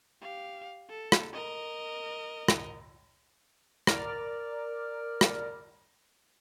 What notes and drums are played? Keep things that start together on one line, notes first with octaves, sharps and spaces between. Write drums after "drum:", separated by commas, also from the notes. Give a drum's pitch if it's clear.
G4 F5
A4
drum: rim click
A#4 D#5
drum: rim click
A#4 D5 F6, drum: rim click
drum: rim click